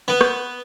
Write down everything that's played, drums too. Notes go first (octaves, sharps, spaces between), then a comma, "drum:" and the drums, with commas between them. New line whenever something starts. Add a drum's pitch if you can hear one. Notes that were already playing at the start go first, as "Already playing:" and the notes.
B3
drum: rim click